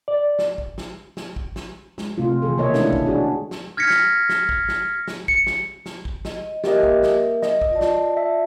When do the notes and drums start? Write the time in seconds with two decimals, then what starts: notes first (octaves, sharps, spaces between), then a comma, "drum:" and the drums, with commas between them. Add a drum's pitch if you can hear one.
0.08 D5
0.39 drum: snare
0.58 drum: kick
0.78 drum: snare
1.17 drum: snare
1.36 drum: kick
1.56 drum: snare
1.98 G#3, drum: snare
2.18 C3 A3 C4 F4
2.42 C3 D#3 E3 G#4 A4
2.57 B2 A#3 A4 C#5 D#5 E5
2.74 G#3 A3 C#4 D4 E4 A4, drum: snare
2.93 drum: kick
3.06 D4 F#4 G#4
3.51 drum: snare
3.77 F6 G#6 A#6 B6 C#7
3.90 drum: snare
4.29 drum: snare
4.49 drum: kick
4.68 drum: snare
5.08 drum: snare
5.28 C#7, drum: kick
5.47 drum: snare
5.86 drum: snare
6.05 drum: kick
6.25 D#5, drum: snare
6.64 A#3 G4 A#4 D#5 E5, drum: snare
6.83 drum: kick
7.03 drum: snare
7.43 D#5, drum: snare
7.61 drum: kick
7.71 F4 D5 A5
7.81 drum: snare
8.17 E5